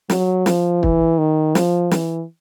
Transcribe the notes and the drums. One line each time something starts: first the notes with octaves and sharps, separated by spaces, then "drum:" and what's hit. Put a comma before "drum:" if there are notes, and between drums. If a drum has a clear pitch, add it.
F#3, drum: snare
F3, drum: snare
E3, drum: kick
D#3
F3, drum: snare
E3, drum: snare